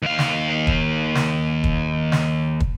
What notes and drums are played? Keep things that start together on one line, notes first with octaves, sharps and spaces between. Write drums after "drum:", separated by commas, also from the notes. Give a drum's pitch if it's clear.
D#2 F5
drum: snare
drum: kick
drum: snare
drum: kick
drum: snare
drum: kick